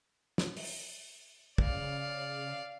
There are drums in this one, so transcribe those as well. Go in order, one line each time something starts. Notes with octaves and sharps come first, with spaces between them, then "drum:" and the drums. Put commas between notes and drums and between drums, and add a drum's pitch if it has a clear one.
drum: snare
drum: open hi-hat
C#3 D5 F5, drum: kick